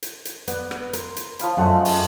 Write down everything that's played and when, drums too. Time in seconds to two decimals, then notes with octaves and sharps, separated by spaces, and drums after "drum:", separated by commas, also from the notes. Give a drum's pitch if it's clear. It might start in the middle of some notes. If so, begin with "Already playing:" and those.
0.03 drum: hi-hat
0.25 drum: hi-hat
0.48 B3 B4 D5 F#5, drum: hi-hat
0.71 drum: rim click
0.93 A#4 C6, drum: hi-hat
1.16 drum: hi-hat
1.39 F3 F5 B5, drum: hi-hat
1.57 F#2 G#3 A3 F#5
1.85 drum: open hi-hat